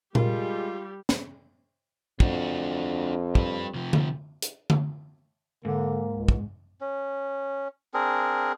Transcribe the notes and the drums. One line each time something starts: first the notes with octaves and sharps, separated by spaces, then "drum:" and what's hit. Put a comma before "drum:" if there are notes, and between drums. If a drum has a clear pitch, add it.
G3 G#3 F4 G4 A#4, drum: tom A#2
drum: snare
F2 D4 F#4, drum: kick
G3 B4, drum: kick
C3 F3
drum: tom D3
drum: hi-hat
drum: tom D3
G#2 D3 A#3
C#2
drum: kick
C#4
C4 D4 G#4 A#4